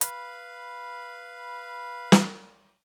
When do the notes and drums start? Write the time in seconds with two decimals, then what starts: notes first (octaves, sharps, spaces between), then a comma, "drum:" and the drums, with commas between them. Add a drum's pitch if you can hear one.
0.01 B4 F5 B5, drum: hi-hat
2.12 drum: snare